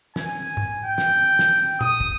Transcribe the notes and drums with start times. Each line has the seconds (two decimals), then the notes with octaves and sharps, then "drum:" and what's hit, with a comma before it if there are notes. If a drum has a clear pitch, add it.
0.16 G#5, drum: snare
0.57 drum: tom G#2
0.85 G5
0.98 drum: snare
1.39 drum: snare
1.81 D#6, drum: tom
2.01 drum: kick